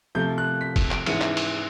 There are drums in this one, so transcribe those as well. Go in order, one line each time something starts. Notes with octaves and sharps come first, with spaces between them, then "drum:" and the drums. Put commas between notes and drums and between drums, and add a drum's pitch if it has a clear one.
C3 F3 A3 G6
F#6
B6
drum: kick F1, cymbal
D7, drum: clap
G#2 E3 G#3 C#4 E4 C#7, drum: cymbal
drum: clap
drum: cymbal